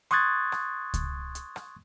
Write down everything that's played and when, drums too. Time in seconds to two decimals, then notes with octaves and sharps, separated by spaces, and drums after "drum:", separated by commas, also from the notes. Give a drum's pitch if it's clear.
0.11 C6 C#6 D#6 F#6 G#6 A6, drum: rim click
0.52 drum: rim click
0.94 drum: kick C#2, hi-hat
1.35 drum: hi-hat
1.56 drum: rim click